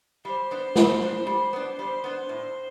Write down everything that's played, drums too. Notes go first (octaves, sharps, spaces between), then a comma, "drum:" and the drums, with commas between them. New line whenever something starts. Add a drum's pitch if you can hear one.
G3 C5
B3 D4
G3, drum: snare
B3 D4
G3
B3 D4
G3 C5
B3 D4
A2